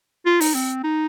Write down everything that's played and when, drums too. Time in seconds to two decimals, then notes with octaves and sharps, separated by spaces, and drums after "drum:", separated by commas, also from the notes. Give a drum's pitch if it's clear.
0.26 F4
0.41 D#4, drum: open hi-hat
0.54 C4
0.84 D#4